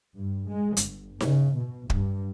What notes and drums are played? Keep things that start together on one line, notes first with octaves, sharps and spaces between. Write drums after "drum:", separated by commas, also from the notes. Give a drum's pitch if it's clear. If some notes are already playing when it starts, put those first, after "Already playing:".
G2
G#3
G1, drum: hi-hat
C#3, drum: snare D#4
B2
G2, drum: kick